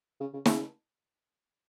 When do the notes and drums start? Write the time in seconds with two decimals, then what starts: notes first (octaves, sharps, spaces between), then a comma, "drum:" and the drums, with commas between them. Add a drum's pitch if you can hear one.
0.20 C#3
0.33 C#3
0.46 C#3, drum: snare